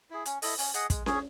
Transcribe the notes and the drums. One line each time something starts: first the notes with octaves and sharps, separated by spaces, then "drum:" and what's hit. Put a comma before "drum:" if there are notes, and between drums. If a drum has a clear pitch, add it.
E4 G#4
C#4, drum: hi-hat
E4 A4 D#5, drum: open hi-hat
C#4, drum: open hi-hat
G#4 D#5 F#5, drum: hi-hat
G#3, drum: kick, hi-hat
C#4 G#4 C#5, drum: snare C#4